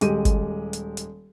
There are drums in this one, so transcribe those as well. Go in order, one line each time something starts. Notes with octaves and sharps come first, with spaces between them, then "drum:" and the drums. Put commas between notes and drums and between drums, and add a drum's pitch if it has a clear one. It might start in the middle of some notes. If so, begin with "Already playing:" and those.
D#1 G#3 G4 D#7, drum: hi-hat
drum: kick G1, hi-hat
drum: hi-hat
drum: hi-hat